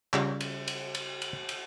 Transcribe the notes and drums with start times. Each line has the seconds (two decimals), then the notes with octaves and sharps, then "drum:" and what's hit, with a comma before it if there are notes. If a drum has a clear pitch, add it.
0.13 C#3 G3 F4, drum: clap
0.40 drum: cymbal
0.68 drum: cymbal
0.95 drum: cymbal
1.22 drum: cymbal
1.49 drum: cymbal